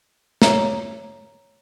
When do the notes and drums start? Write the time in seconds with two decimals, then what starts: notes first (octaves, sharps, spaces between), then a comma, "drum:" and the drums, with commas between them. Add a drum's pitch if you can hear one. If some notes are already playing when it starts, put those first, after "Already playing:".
0.42 C#5 A#5, drum: snare